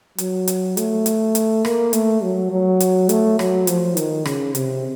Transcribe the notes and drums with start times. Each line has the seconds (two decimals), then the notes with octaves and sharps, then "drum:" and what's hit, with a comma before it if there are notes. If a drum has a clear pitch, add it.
0.18 F#3, drum: hi-hat
0.48 drum: hi-hat
0.77 A3, drum: hi-hat
1.06 drum: hi-hat
1.35 drum: hi-hat
1.65 A#3, drum: rim click
1.93 A3, drum: hi-hat
2.23 F#3
2.51 F#3
2.80 drum: hi-hat
3.09 A3, drum: hi-hat
3.39 F#3, drum: rim click
3.67 F3, drum: hi-hat
3.97 D#3, drum: hi-hat
4.25 C#3, drum: rim click
4.55 C3, drum: hi-hat